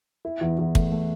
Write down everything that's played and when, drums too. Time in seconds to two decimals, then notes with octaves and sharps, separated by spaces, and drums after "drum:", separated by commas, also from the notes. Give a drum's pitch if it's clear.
0.25 E4
0.41 E2
0.59 E2
0.75 A3, drum: kick
0.92 A3